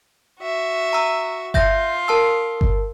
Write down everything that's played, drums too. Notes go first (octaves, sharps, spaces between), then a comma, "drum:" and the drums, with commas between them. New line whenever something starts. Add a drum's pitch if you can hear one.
F#4 E5
A#5 E6
F4 E5 G6 A#6, drum: kick G1
A#4 A5 E6
drum: kick G1